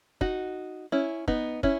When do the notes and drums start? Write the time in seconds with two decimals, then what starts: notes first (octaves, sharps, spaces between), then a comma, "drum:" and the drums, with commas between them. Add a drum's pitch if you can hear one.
0.21 D#4 F#4, drum: kick
0.92 C#4 E4
1.28 B3 D#4, drum: kick
1.63 C#4 E4, drum: kick